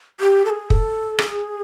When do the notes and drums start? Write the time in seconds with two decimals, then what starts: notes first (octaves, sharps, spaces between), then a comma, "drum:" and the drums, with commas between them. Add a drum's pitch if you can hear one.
0.20 G4
0.45 A4
0.50 G#4
0.70 A4, drum: kick
1.19 G#4, drum: rim click